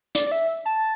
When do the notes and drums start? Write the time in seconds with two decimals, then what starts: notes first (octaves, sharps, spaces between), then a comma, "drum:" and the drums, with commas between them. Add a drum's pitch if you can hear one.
0.15 D5, drum: hi-hat
0.27 D5
0.32 E5
0.65 A5